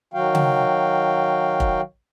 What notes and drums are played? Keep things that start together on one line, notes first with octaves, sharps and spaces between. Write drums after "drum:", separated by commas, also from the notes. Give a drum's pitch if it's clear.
D#3 F#3 F#4 F5 G5
drum: tom C#3
drum: kick F1